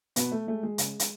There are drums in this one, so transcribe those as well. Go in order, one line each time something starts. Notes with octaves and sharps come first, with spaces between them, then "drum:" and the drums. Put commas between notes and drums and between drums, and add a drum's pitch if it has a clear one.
B2 B3, drum: hi-hat
A3
G#3 A3
G#3
C#3, drum: hi-hat
drum: hi-hat